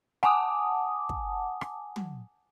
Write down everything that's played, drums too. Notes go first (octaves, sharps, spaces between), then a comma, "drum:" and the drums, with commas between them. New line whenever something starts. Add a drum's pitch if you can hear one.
F#5 G#5 A5 D6 D#6, drum: rim click
drum: kick
drum: rim click
drum: tom